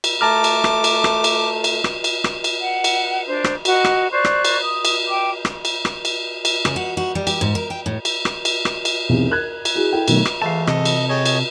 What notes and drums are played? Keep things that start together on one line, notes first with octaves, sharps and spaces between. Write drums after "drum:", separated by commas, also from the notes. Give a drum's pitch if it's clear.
drum: cymbal
A3 A5 A#5 D6 F6
drum: cymbal
drum: rim click
drum: cymbal
drum: rim click
drum: cymbal
drum: cymbal
drum: rim click
drum: cymbal
drum: rim click
drum: cymbal
F#5
drum: cymbal
D4 C5
drum: rim click
F#4 D#5, drum: cymbal
drum: rim click
C5 D5 C#6 F#6
drum: rim click
drum: cymbal
D#6
drum: cymbal
G5 D6
drum: rim click
drum: cymbal
drum: rim click
drum: cymbal
drum: cymbal
C#3, drum: rim click
F#4
F#4
G3
G4, drum: cymbal
G#2
A#4
G5
A2
drum: cymbal
drum: rim click
drum: cymbal
drum: rim click
drum: cymbal
B1 E2 C3
A#4 F#6 G#6
drum: cymbal
E4 F#4 G#4
E4 A4 G5
B2 D#3 F#3 A3, drum: cymbal
drum: rim click
G#2 E3 A3 F5 A5
C3 A4 D#5, drum: rim click
drum: cymbal
G#4 C#5 D#5 G5 A5
drum: cymbal